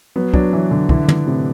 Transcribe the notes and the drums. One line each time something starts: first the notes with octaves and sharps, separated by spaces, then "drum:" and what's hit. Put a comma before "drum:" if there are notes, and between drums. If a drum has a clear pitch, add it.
F#3 B3
F#3 D4, drum: kick
E3 F#3
D3 F#3
D3 E4, drum: kick
E4, drum: tom
A2 C3